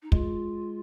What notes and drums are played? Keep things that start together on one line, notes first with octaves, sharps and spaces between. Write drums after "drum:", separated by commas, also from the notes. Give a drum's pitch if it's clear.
D#4
G#3 F4, drum: kick